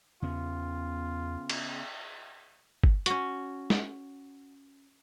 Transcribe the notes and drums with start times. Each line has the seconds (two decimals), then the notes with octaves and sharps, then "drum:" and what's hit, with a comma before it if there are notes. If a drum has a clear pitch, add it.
0.22 E2 C#3 B3 F4
1.50 drum: cymbal
2.84 drum: kick
3.06 C#4 F#4, drum: hi-hat
3.70 drum: snare